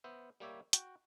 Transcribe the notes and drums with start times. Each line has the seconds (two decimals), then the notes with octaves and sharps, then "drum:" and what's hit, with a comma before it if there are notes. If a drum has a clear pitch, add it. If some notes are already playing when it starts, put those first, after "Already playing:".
0.04 B3 C5 E5
0.40 G3 A#3 G4 C#5 E5
0.73 F#4 G5, drum: hi-hat